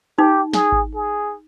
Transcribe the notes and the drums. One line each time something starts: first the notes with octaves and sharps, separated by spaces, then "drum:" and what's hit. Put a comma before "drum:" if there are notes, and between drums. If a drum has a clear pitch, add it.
D#4 G4
G#4, drum: snare
drum: kick G#1
G#4